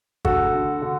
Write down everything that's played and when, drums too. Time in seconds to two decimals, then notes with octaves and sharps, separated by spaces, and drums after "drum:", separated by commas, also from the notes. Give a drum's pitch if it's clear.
0.25 D2 F#4 A4, drum: kick
0.53 D3
0.82 D3